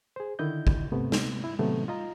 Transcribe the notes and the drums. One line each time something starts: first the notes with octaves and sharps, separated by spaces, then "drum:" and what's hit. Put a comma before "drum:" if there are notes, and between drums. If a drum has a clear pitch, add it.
G#4 C5
D3 D#3 E4 D#5 G6
drum: kick
C3 A3 B3
drum: snare
E4
A2 C3 D#3 F#3 A3 B3
F4 D#5 A#5